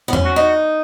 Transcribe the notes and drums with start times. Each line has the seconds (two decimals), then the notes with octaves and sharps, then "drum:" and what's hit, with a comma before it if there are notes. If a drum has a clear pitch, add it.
0.08 B3
0.13 C#4, drum: tom E2
0.25 F#4
0.36 D#4